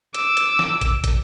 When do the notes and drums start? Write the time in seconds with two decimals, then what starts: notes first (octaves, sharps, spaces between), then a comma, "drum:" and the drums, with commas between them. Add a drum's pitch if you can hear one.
0.14 D6 E6, drum: hi-hat
0.37 drum: hi-hat
0.59 drum: snare
0.81 drum: kick, hi-hat
1.04 drum: kick, hi-hat